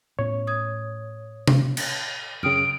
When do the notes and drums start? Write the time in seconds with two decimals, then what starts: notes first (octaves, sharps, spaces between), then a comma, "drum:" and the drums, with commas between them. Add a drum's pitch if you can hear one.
0.19 A2 B3 C#4 C#5
0.47 D#6 G#6
1.47 drum: tom C3
1.77 drum: cymbal
2.43 F#2 C#3 G5 D#6 F6 D7